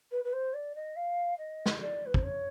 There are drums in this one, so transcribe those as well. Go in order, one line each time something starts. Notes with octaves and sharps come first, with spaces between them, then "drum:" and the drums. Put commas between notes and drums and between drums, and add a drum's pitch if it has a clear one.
B4
B4
C5
D5
D#5
F5
D#5
drum: snare
D5
B4
C5, drum: kick
C#5